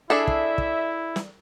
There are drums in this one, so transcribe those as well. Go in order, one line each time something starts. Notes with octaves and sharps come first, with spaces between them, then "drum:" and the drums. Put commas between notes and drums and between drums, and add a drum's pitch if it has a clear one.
D4 E4 G#4 A4 E5
drum: kick
drum: kick
drum: snare